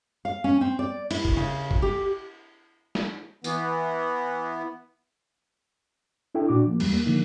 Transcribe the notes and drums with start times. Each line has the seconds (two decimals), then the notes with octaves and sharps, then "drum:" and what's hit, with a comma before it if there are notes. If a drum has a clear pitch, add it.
0.25 F5
0.44 C#4
0.61 C4
0.79 D5
1.11 E4, drum: cymbal
1.25 drum: kick
1.37 C#3
1.71 drum: kick
1.82 G4
2.95 drum: snare
3.44 E3 B3, drum: tambourine
6.35 D4 E4 A4 G5
6.49 A#2 D4 F#4 D6
6.67 F3 A#3
6.80 E2 G3, drum: cymbal
6.93 A#3
7.06 D3 F3 A#3 D#4